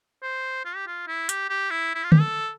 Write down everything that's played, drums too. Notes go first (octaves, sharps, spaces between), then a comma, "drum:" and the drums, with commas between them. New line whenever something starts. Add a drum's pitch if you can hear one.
C5
F4
G4
F4
E4
G4, drum: hi-hat
G4
E4
E4
F4
G4, drum: tom D3
A4